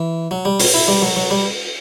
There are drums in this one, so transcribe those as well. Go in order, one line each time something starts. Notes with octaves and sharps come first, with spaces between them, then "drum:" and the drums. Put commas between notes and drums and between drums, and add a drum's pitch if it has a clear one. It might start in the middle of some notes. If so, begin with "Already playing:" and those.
Already playing: E3
F#3
G3
C#4, drum: open hi-hat
E4
G3
F#3
F#3
G3